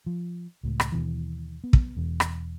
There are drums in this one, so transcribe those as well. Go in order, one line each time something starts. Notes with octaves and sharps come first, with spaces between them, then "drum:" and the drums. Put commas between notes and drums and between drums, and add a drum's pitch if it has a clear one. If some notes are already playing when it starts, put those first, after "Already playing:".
F3
C#2 A2 G#3
drum: rim click
D#2 B2 E3
B3
drum: kick
E1 E2
drum: rim click